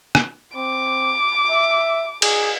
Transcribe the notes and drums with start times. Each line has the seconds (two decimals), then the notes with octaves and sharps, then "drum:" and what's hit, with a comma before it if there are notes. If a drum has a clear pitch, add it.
0.15 drum: rim click
0.56 C4 D6
1.49 E5
2.22 G#4, drum: cymbal